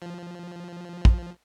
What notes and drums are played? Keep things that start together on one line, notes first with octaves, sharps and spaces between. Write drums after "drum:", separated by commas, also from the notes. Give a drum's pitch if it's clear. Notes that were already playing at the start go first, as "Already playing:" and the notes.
F3
drum: kick